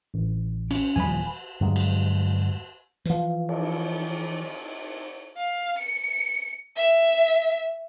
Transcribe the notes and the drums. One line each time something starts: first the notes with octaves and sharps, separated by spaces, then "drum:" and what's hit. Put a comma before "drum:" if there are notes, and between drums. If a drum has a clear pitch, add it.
A1
C#4, drum: cymbal
D#1 F3 G3 G#5 B5
G2 D3 F#3 G#3
drum: cymbal
E3 F3, drum: hi-hat
drum: cymbal
F5
C#7
E5